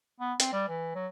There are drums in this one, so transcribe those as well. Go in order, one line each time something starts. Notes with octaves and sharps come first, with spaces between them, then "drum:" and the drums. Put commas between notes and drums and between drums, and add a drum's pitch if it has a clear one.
B3
C4, drum: hi-hat
G3
E3
F#3